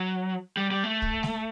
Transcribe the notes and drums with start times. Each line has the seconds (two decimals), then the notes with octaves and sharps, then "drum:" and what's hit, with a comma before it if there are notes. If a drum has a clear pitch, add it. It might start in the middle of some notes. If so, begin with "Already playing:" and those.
Already playing: F#3
0.57 G3
0.71 G3
0.84 A3
1.02 drum: kick
1.23 drum: snare G#3